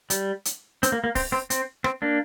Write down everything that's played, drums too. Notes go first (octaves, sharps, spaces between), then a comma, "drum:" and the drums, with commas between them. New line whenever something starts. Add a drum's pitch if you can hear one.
G3, drum: hi-hat
drum: hi-hat
C4, drum: hi-hat
A#3
A#3
C4, drum: kick C#1, open hi-hat
C4
C4, drum: hi-hat
C4, drum: rim click
A#3 D4